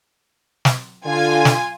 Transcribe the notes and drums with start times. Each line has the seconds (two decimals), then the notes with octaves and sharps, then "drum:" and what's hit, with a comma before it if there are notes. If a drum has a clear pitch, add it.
0.65 drum: snare
1.05 D3 F4 G#5
1.45 drum: snare